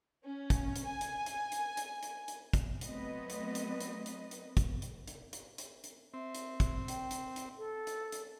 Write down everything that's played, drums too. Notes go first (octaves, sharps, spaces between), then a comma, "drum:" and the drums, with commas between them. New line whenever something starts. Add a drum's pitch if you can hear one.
C#4
drum: kick, hi-hat
drum: hi-hat
G#5
drum: hi-hat
drum: hi-hat
drum: hi-hat
drum: hi-hat
drum: hi-hat
drum: hi-hat
drum: kick, hi-hat
F#3 A3 B3 C4 B4 D#5, drum: hi-hat
drum: hi-hat
drum: hi-hat
drum: hi-hat
drum: hi-hat
drum: hi-hat
drum: kick, hi-hat
drum: hi-hat
drum: hi-hat
drum: hi-hat
drum: hi-hat
drum: hi-hat
C4 E5
drum: hi-hat
drum: kick, hi-hat
G5, drum: hi-hat
drum: hi-hat
drum: hi-hat
A4
drum: hi-hat
drum: hi-hat